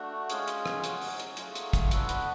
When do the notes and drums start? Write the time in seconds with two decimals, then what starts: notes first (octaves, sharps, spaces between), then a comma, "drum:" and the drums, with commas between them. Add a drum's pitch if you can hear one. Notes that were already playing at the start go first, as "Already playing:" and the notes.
Already playing: A3 D4 F#4
0.30 G#3 C#4 F4 G#4, drum: hi-hat
0.48 drum: hi-hat
0.66 drum: rim click
0.84 F#3 C#4 F#4, drum: hi-hat
1.02 drum: open hi-hat
1.19 drum: hi-hat
1.37 F#3 A3 F4 G#4, drum: hi-hat
1.55 drum: hi-hat
1.73 drum: kick, hi-hat
1.91 B3 D4 F#4 A4, drum: hi-hat
2.09 B4, drum: hi-hat